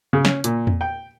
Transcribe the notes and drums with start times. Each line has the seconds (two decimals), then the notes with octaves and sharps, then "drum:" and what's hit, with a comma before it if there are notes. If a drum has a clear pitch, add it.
0.13 C#3
0.25 C#4, drum: snare
0.44 A#2, drum: hi-hat
0.67 drum: tom E2
0.81 G5